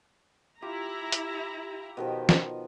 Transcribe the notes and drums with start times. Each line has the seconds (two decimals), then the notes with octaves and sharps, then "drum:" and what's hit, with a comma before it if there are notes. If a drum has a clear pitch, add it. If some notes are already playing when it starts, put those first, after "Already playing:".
0.62 E4 F4 G4 A#5
1.12 drum: hi-hat
1.97 B2 D#3 F3
2.29 drum: snare